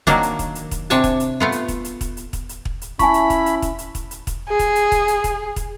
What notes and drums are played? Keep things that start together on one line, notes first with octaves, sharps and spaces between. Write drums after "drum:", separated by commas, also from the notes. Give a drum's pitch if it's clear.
D#3 F#3 A#3 D4, drum: kick, hi-hat
drum: hi-hat
drum: kick, hi-hat
drum: hi-hat
drum: kick, hi-hat
C3 D4 C#5 G#5 A5, drum: hi-hat
drum: kick, hi-hat
drum: hi-hat
A3 B3 F4
drum: hi-hat
drum: kick, hi-hat
drum: hi-hat
drum: kick, hi-hat
drum: hi-hat
drum: kick, hi-hat
drum: hi-hat
drum: kick
drum: hi-hat
C#4 E4 G#5 A5 B5 C#6, drum: kick, hi-hat
drum: hi-hat
drum: kick, hi-hat
drum: hi-hat
drum: kick, hi-hat
drum: hi-hat
drum: kick, hi-hat
drum: hi-hat
drum: kick, hi-hat
G#4
drum: kick, hi-hat
drum: hi-hat
drum: kick, hi-hat
drum: hi-hat
drum: kick, hi-hat
drum: kick, hi-hat